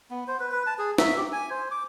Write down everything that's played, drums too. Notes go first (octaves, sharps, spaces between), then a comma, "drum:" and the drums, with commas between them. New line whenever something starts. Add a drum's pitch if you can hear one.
B3
C5
B4
B4
A5
G#4
E5, drum: snare
G4
G#5
C5
D6